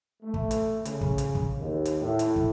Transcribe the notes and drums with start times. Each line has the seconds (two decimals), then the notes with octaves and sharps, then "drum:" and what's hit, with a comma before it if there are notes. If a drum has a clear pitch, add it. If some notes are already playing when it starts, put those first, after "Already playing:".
0.23 A3
0.34 drum: kick
0.51 drum: hi-hat
0.85 C#3, drum: hi-hat
1.01 drum: kick
1.18 drum: hi-hat
1.35 drum: kick
1.60 D#2
1.85 drum: hi-hat
2.02 A2
2.19 drum: hi-hat
2.36 drum: kick